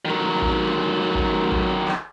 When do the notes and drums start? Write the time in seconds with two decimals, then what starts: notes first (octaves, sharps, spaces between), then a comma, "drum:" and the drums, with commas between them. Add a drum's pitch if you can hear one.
0.05 D#3 F#3
0.42 drum: kick G#1
1.15 drum: kick G#1
1.52 drum: kick G#1
1.88 drum: clap